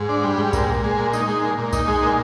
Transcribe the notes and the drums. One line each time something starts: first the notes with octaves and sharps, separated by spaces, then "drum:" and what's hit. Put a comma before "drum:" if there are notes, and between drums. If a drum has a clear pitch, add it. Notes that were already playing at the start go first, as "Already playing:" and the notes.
Already playing: G#2
D4
G3
G#2
A#2, drum: kick B1, tambourine
A#2
G#3
A#2
D#4, drum: tambourine
G#3
A#2
A#2
D#4, drum: kick B1, tambourine
G#3
A#2